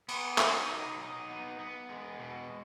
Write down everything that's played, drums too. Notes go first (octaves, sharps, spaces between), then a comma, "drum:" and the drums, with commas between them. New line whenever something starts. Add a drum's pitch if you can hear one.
B3, drum: cymbal
D#4, drum: clap
F#3
D#4
B3
B3
G#3
B2